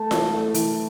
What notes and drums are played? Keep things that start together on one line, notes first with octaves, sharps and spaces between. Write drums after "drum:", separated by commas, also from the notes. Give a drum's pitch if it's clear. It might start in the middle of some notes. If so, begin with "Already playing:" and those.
Already playing: A3 A5
E3, drum: snare F4
A3
E3, drum: hi-hat